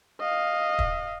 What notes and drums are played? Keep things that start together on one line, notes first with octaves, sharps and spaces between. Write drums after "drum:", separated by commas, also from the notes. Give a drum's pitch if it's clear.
D#5 F5
drum: kick